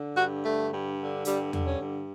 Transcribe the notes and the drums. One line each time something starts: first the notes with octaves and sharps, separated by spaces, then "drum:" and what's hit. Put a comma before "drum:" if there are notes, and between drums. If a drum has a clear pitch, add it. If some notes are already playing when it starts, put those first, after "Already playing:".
Already playing: D3
G2 F#4
D3 A3
G2
D3
G2 G3, drum: hi-hat
D3, drum: tom E2
C#4
G2